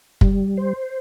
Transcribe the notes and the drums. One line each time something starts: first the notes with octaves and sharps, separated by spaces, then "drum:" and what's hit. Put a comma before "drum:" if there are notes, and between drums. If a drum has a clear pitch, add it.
G3, drum: kick F#1
C5